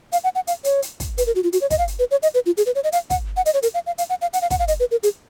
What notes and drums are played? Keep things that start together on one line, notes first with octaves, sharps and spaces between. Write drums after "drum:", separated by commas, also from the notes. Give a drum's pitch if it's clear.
F5, drum: hi-hat
F#5
F#5
F5, drum: hi-hat
C#5, drum: hi-hat
drum: hi-hat
drum: kick, hi-hat
B4, drum: hi-hat
A#4
F#4
F4
F#4, drum: hi-hat
C#5
D#5, drum: kick, hi-hat
F5
drum: hi-hat
B4
C#5
D#5, drum: hi-hat
B4
F4
G#4, drum: hi-hat
B4
C#5
D#5
F5, drum: hi-hat
F#5, drum: kick, hi-hat
F#5
D#5, drum: hi-hat
C#5
A#4, drum: hi-hat
F5
F5
F5, drum: hi-hat
F#5
F5
F#5, drum: hi-hat
F5
F#5, drum: kick, hi-hat
F5
D#5, drum: hi-hat
B4
A#4
G#4, drum: hi-hat